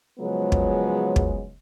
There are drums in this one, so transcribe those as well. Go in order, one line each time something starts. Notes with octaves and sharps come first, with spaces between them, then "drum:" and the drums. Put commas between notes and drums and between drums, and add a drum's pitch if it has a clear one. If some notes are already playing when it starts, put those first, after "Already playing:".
C#3 F3 F#3 G#3 B3
drum: kick
drum: kick